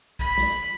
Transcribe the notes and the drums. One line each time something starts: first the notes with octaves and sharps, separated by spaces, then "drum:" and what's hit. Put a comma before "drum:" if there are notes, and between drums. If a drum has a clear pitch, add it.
B5, drum: kick
drum: snare